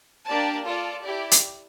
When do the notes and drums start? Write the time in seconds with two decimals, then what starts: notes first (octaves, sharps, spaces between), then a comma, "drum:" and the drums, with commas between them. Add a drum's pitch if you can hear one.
0.28 A#3 D4 G4 D5 A5
0.64 F4 A4 D5 A5
1.02 E4 G4 D5
1.31 drum: hi-hat